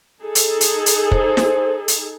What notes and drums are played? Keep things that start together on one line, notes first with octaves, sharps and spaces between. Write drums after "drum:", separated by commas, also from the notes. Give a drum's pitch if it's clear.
D#4 G#4 A4
drum: hi-hat
drum: hi-hat
drum: hi-hat
C5, drum: kick
drum: snare
drum: hi-hat